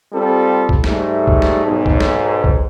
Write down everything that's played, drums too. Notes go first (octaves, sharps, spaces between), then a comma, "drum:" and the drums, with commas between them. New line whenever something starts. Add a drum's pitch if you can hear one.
G3 C4 F4 A4
drum: kick C2
G#2 G3 A3, drum: snare
drum: kick C2
drum: snare
B1 G#2
drum: kick C2
drum: snare
drum: kick C2